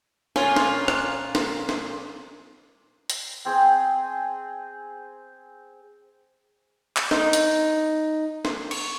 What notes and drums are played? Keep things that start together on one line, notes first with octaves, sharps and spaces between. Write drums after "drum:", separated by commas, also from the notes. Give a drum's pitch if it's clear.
A#2 C#4 F4, drum: snare
drum: snare
drum: rim click
drum: snare
drum: snare
drum: hi-hat
C4 G#4 G5
drum: clap
D#4, drum: snare
drum: hi-hat
drum: snare
C#6, drum: cymbal